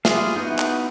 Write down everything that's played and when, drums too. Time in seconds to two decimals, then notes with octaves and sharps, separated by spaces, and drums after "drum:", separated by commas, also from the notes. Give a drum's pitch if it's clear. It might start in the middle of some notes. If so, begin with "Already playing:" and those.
0.05 G3 E4 F4 G#4 F5, drum: snare
0.35 B3 D#4 E4 F#4 B4
0.59 drum: clap